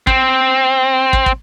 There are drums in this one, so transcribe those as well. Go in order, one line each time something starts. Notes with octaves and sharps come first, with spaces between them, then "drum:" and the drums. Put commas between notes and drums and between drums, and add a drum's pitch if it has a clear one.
C4, drum: kick
drum: kick
drum: kick